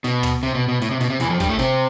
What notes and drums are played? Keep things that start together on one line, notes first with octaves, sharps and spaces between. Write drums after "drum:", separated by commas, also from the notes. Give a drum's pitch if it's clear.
B2, drum: snare
drum: tom
C3
B2
B2
A2, drum: hi-hat
C3
B2, drum: snare
C3
E2 E3, drum: hi-hat
F2 F3
G2 G3, drum: kick, hi-hat
A2 A3
C3 C4, drum: snare